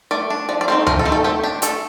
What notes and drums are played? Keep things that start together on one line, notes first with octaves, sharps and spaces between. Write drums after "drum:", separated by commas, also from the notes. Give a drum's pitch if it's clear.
A3 D5
D4
F3 D5
D5
A3 C4 D#4 C5
F3 A#4, drum: tom D2
A4
A3 C4 D#4
A4
A3 G4
D4 G4
A3 A4, drum: hi-hat